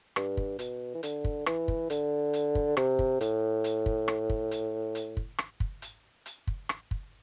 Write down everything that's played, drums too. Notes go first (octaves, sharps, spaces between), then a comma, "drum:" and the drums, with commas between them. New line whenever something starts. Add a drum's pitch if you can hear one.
G2, drum: rim click
drum: kick
B2, drum: hi-hat
E3
D3, drum: hi-hat
drum: kick
E3, drum: rim click
drum: kick
D3, drum: hi-hat
drum: hi-hat
drum: kick
C3, drum: rim click
drum: kick
A2, drum: hi-hat
drum: hi-hat
drum: kick
drum: rim click
drum: kick
drum: hi-hat
drum: hi-hat
drum: kick
drum: rim click
drum: kick
drum: hi-hat
drum: hi-hat
drum: kick
drum: rim click
drum: kick